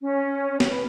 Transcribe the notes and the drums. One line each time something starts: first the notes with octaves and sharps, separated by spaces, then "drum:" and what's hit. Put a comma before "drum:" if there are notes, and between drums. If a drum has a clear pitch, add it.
C#4
B4, drum: snare